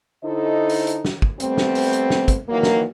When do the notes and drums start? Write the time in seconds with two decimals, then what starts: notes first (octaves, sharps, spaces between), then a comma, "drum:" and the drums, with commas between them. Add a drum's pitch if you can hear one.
0.24 D3 D#4 E4 A4 C5 D#5
0.69 drum: open hi-hat
0.87 drum: hi-hat
1.05 drum: snare
1.22 drum: kick
1.40 G3 A3 B3 C4, drum: hi-hat
1.57 drum: snare
1.75 drum: open hi-hat
1.93 drum: hi-hat
2.10 drum: snare
2.28 drum: kick, hi-hat
2.49 D#3 E3 F#3 A#3
2.63 drum: snare